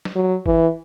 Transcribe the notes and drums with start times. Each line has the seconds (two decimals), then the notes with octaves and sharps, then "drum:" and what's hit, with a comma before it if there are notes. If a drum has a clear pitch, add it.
0.05 drum: snare
0.15 F#3
0.46 E3, drum: kick G1